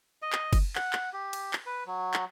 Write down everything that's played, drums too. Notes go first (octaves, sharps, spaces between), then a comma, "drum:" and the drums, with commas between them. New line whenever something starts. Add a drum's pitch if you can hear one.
D#5
drum: clap
drum: kick F#1, cymbal
F#5, drum: clap
drum: clap
G4
drum: cymbal
drum: clap
B4
F#3
drum: clap